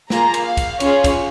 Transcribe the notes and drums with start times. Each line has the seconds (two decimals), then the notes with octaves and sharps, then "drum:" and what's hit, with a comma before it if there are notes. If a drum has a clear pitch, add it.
0.10 A#3 F4 G#4 A#5, drum: snare
0.34 drum: cymbal
0.45 F5
0.57 drum: kick, cymbal
0.80 C#4 F4 G#4 C#5, drum: cymbal
1.04 drum: kick, cymbal